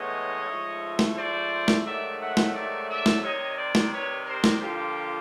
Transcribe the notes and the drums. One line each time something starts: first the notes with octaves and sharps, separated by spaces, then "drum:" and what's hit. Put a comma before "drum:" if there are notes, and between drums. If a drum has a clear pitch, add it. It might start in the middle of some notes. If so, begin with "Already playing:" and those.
Already playing: A2 E3 G#3 B3 C#5 D#5
G#2 F3 A3
drum: snare
C5 D5
drum: snare
G#2 D#3 F#3 A3 D5 E5
E5 F#5
drum: snare
D5 E5
D5 E5
drum: snare
C3 D#3 G3 C#5 D#5
C5 D5
drum: snare
B4 C#5
A#4 C5
drum: snare
D3 F3 A#3 F4 G4